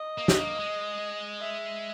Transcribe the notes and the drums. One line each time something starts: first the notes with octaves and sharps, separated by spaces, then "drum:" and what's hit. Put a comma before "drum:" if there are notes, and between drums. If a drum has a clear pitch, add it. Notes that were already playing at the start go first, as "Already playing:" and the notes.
Already playing: D#5
A#3
B3, drum: snare
A#3
G#3
E5